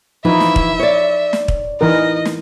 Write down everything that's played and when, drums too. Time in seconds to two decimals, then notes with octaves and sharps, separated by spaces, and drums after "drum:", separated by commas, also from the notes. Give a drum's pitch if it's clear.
0.25 E3 F3 D#4 E5
0.40 drum: snare
0.56 drum: kick
0.80 C#5 D5
1.33 drum: snare
1.48 drum: kick
1.81 E3 D#4 A#4 D#5
2.25 drum: snare